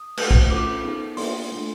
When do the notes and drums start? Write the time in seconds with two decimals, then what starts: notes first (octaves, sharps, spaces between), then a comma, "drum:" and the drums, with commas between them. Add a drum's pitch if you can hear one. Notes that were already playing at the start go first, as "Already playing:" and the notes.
Already playing: D#6
0.17 A3 D4 F#4 A4, drum: cymbal
0.31 drum: kick B1
0.50 C#4 F4 A4 D6
0.84 B3 D#4 G#4
1.17 A#3 D4 F4 A4 C6, drum: open hi-hat
1.50 A3 D4 F4